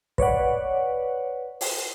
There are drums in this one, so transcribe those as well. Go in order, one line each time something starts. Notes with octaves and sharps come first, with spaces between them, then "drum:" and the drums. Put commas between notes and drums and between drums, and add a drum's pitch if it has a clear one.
B4 C#5 D5 F#5, drum: kick
drum: open hi-hat